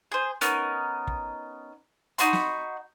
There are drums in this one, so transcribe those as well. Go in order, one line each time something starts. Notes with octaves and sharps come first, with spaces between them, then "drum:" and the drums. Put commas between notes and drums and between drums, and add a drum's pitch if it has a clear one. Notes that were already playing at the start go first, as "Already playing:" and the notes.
G#4 C5
B3 C#4 D#4 A#4, drum: hi-hat
drum: kick
D#4 F#4 B5 C6, drum: hi-hat
drum: snare